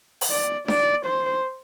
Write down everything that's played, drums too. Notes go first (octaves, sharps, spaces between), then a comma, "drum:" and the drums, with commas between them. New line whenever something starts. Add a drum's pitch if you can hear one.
drum: open hi-hat
D5
D5, drum: snare D4
C5